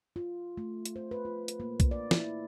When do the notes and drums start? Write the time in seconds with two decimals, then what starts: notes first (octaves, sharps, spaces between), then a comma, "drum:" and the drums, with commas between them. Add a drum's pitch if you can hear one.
0.16 F4
0.57 A3
0.85 drum: hi-hat
0.96 C5
1.11 B4
1.25 F4
1.48 drum: hi-hat
1.60 A#3
1.80 drum: kick B1, hi-hat
1.91 D5
2.11 E4, drum: snare